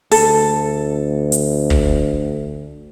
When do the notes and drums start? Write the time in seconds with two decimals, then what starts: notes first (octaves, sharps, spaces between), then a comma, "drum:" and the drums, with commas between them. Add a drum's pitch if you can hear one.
0.11 D2 A4, drum: open hi-hat
1.32 drum: hi-hat
1.70 drum: kick